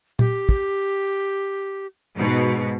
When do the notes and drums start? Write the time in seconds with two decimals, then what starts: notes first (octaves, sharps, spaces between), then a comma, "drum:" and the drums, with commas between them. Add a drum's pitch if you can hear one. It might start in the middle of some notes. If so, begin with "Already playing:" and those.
0.19 G4, drum: tom A#2
0.49 drum: kick
2.16 G#2 B2